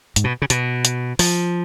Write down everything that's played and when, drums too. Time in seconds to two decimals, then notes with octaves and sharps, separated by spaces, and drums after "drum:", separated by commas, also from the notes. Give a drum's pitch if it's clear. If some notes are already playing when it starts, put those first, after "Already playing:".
0.16 G#2, drum: hi-hat
0.24 B2
0.42 C#3
0.50 B2, drum: hi-hat
0.85 drum: hi-hat
1.19 F3, drum: open hi-hat